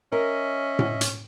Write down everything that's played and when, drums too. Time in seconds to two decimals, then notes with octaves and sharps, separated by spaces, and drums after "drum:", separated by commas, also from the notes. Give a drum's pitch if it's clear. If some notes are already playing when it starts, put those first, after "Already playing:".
0.12 C#4 A#4 D#5 E5
0.79 drum: tom A2
1.01 drum: hi-hat